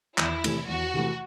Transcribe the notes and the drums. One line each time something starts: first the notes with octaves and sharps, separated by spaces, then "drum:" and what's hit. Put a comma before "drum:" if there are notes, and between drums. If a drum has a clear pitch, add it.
E2 E4, drum: clap
C3 E3 A3, drum: cymbal
E2 F#4
C3 E3 A3